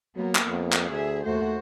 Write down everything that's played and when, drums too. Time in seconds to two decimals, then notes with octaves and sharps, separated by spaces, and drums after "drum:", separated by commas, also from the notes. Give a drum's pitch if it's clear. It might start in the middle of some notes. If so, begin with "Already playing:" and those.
0.16 F#3 A#3 B3
0.35 drum: clap
0.47 F2
0.73 drum: clap
0.91 D2 G#4 E5
1.25 D#2 A3 F#4 C5